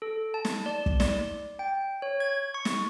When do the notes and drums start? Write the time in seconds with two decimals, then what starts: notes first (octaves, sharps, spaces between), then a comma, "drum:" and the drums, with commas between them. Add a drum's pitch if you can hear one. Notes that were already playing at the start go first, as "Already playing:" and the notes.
0.02 A4
0.34 A5
0.45 drum: snare
0.66 D5
0.86 drum: kick
1.00 D5, drum: snare
1.59 G5
2.02 C#5
2.20 G#6
2.54 C#6
2.65 drum: snare